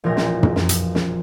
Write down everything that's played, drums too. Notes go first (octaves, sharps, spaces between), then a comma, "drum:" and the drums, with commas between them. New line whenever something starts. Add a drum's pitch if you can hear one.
E1 A#1 F3 A#4
drum: snare
drum: tom
drum: snare
drum: hi-hat
drum: snare